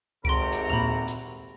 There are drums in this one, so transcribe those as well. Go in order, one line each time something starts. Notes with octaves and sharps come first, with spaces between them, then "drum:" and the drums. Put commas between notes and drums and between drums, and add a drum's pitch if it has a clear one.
G#1 C3 F#4 A4 A#5 C6 D7, drum: kick C2
drum: hi-hat
D#2 A#2 B5 F7
drum: hi-hat